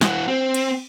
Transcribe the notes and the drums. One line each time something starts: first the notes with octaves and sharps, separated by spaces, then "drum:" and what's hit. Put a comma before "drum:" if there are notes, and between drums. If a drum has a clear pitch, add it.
E3 F#4, drum: snare
C4
drum: cymbal